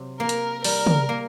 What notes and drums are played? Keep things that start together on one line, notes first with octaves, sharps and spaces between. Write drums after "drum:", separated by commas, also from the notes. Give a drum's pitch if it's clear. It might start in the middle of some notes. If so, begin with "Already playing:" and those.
Already playing: C3 F#3
A#3 A#4
drum: hi-hat
G3 A#4, drum: open hi-hat
drum: tom
A#3